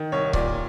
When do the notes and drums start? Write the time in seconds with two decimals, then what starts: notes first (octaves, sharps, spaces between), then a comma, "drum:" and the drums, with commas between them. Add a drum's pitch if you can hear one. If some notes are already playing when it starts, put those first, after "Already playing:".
Already playing: D#3
0.12 C2 C#5
0.33 A#2 D5, drum: kick C#1